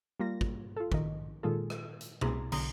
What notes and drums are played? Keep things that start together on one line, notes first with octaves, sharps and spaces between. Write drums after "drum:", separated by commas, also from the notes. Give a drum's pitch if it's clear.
G3 A#3 F4 A#6
drum: kick
F4 A4
A#1 D#3 D#5, drum: kick
A#2 D#3 G#3 F4 G#4 A4
drum: rim click
drum: hi-hat
C2 B2 E4 G#4 A#5 C6, drum: tom B2
B1 D3 A#5 C6 D#6 A#6, drum: cymbal